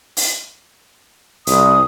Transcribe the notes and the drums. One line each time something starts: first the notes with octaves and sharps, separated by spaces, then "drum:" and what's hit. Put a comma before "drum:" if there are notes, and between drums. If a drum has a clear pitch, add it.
drum: open hi-hat
C2 D#6, drum: hi-hat